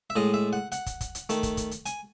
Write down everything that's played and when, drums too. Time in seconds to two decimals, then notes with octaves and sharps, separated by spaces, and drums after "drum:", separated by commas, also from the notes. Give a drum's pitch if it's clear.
0.10 E5
0.16 A2 G#3 D#5
0.34 E5
0.53 F#5
0.72 F#5, drum: hi-hat
0.86 drum: kick, hi-hat
1.01 drum: kick, hi-hat
1.15 drum: hi-hat
1.29 D#3 A3, drum: hi-hat
1.43 drum: kick, hi-hat
1.57 drum: kick, hi-hat
1.71 drum: hi-hat
1.86 G#5, drum: hi-hat